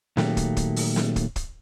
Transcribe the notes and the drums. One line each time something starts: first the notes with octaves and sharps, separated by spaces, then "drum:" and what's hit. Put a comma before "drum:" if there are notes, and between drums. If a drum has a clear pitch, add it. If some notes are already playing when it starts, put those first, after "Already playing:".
A#2 D#3 F#3 A3 A#3 G4, drum: snare
drum: kick, hi-hat
drum: kick, hi-hat
drum: open hi-hat
drum: snare
drum: kick, hi-hat
drum: kick, hi-hat